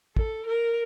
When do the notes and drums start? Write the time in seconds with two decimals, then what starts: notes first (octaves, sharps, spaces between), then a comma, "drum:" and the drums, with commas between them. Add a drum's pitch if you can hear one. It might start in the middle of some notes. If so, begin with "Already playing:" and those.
0.17 A4, drum: kick
0.46 A#4